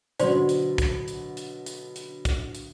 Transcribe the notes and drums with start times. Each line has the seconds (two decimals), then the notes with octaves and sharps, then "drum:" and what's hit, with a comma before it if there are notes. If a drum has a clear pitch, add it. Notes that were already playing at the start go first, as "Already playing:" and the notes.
0.20 B2 D3 F#3 C5 D5 C6, drum: hi-hat
0.49 drum: hi-hat
0.78 drum: kick, hi-hat
1.08 drum: hi-hat
1.37 drum: hi-hat
1.66 drum: hi-hat
1.96 drum: hi-hat
2.25 drum: kick, hi-hat
2.55 drum: hi-hat